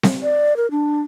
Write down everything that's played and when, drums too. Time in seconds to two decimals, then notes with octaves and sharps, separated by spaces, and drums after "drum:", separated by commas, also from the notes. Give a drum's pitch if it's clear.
0.03 drum: snare C4
0.23 D5
0.57 A#4
0.71 D4